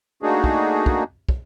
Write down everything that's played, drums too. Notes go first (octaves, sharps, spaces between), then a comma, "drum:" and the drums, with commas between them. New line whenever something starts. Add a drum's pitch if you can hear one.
A3 A#3 D4 D#4 F#4 G#4
drum: kick
drum: kick
drum: kick